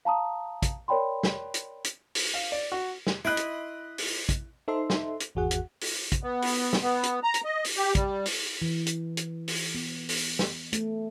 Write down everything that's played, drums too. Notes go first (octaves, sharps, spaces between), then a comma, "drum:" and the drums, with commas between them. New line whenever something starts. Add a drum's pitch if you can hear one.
F5 A5 A#5 D#6
drum: kick, hi-hat
A#4 C#5 D5 G5 B5 C6
drum: snare
drum: hi-hat
drum: hi-hat
drum: open hi-hat
F5
D5
F#4
drum: snare
E4 D#5 B5 C6 F#6 D7
drum: hi-hat
drum: open hi-hat
drum: kick, hi-hat
D#4 A4 C5 E5 C6
drum: snare
drum: hi-hat
G#1 E2 F#4 G#4 F#5
drum: hi-hat
drum: open hi-hat
drum: kick, hi-hat
B3
drum: open hi-hat
drum: snare
B3
drum: hi-hat
A#5
drum: hi-hat
D#5
drum: open hi-hat
G4
G3, drum: kick, hi-hat
drum: open hi-hat
E3
drum: hi-hat
drum: hi-hat
drum: open hi-hat
B3
drum: open hi-hat
drum: snare
A3, drum: hi-hat